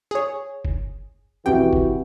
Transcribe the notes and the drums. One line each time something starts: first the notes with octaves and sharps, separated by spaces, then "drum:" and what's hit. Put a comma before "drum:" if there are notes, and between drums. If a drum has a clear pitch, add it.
G#4 C#5
drum: kick F1
B1 F2 C3 E3 F#4 G4 G5
drum: kick F1